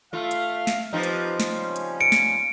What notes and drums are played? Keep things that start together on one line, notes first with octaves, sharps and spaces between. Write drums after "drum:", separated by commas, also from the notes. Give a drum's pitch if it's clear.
A3 F4 E5 F5
drum: hi-hat
drum: snare
F3 C4 D#4 G4 B4
drum: hi-hat
drum: snare
C#3 G3 C#4
drum: hi-hat
C#7 D7
drum: snare